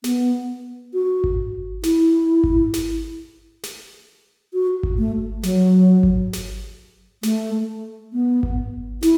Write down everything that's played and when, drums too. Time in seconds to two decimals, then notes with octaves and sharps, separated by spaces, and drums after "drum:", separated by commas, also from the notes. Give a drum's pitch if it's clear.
0.04 B3, drum: snare
0.94 F#4
1.24 drum: kick G#1
1.83 E4, drum: snare
2.44 drum: kick G#1
2.74 drum: snare
3.63 drum: snare
4.54 F#4
4.83 drum: kick G#1
4.98 A3
5.43 F#3, drum: snare
6.03 drum: kick G#1
6.33 drum: snare
7.23 A3, drum: snare
8.13 B3
8.43 drum: kick G#1
9.02 E4, drum: snare